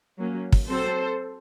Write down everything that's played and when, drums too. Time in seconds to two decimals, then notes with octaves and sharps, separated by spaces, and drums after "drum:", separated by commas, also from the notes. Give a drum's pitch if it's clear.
0.19 F#3 A#3 C#4
0.52 drum: kick
0.69 F#3 C4 A4 C5